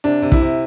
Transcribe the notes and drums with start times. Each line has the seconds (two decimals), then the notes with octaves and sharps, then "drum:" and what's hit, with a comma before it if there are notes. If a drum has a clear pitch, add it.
0.04 C3 D4
0.22 C3
0.32 E4, drum: kick
0.41 C3